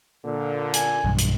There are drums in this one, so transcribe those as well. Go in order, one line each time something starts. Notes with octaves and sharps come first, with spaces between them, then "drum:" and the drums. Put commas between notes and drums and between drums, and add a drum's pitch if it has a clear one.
A#2 D3
G#5, drum: hi-hat
B1 G2
drum: hi-hat